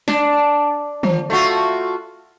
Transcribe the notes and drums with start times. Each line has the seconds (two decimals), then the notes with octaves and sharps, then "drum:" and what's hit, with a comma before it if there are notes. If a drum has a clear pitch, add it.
0.08 D4, drum: snare
1.03 F3, drum: tom
1.30 A3 F4 F#4